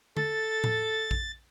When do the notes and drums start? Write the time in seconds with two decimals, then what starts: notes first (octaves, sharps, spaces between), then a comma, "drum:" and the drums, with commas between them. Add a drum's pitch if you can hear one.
0.17 A4 A6, drum: tom
0.64 drum: tom A2
1.11 drum: kick A#1